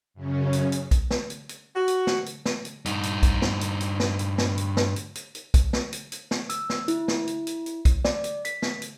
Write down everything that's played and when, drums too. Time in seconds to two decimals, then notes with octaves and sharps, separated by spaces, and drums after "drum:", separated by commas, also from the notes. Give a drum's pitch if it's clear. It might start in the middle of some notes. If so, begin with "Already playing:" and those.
0.14 F#2 C#3 C#4
0.53 drum: hi-hat
0.72 drum: hi-hat
0.91 drum: kick B1, hi-hat
1.11 drum: snare
1.30 drum: hi-hat
1.49 drum: hi-hat
1.76 F#4
1.88 drum: hi-hat
2.07 drum: snare
2.26 drum: hi-hat
2.46 drum: snare
2.65 drum: hi-hat
2.86 G2 D#4, drum: hi-hat
3.03 drum: hi-hat
3.23 drum: kick B1, hi-hat
3.42 drum: snare
3.61 drum: hi-hat
3.80 drum: hi-hat
4.00 drum: snare
4.19 drum: hi-hat
4.38 drum: snare
4.58 drum: hi-hat
4.77 drum: snare
4.96 drum: hi-hat
5.15 drum: hi-hat
5.35 drum: hi-hat
5.54 drum: kick B1, hi-hat
5.73 drum: snare
5.93 drum: hi-hat
6.12 drum: hi-hat
6.31 drum: snare
6.50 E6, drum: hi-hat
6.70 drum: snare
6.88 E4, drum: hi-hat
7.08 drum: snare
7.27 drum: hi-hat
7.47 drum: hi-hat
7.66 drum: hi-hat
7.85 drum: kick B1, hi-hat
8.05 D5, drum: snare
8.24 drum: hi-hat
8.45 B6, drum: hi-hat
8.62 drum: snare
8.82 drum: hi-hat